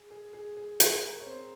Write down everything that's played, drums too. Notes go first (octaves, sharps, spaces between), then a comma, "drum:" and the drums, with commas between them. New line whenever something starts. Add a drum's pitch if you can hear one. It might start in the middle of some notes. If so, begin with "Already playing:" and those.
Already playing: G#4
G#4
G#4
G#4
G#4, drum: hi-hat
A#4
C#5
C4 C5